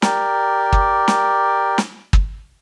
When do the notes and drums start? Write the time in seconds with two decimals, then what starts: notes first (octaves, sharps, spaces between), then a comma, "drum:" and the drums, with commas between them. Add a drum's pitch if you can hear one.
0.02 G4 A#4 D5, drum: snare
0.73 drum: kick
1.08 drum: snare
1.78 drum: snare
2.13 drum: kick